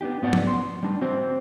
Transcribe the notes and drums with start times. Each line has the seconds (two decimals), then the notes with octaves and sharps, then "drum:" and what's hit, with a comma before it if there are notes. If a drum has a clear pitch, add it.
0.01 B3 D4 D#4 G4
0.22 G#2 B3 F#4 D5 F#5
0.33 drum: tom F3
0.47 C6
0.83 G3 D4
1.01 C4 F#4 C5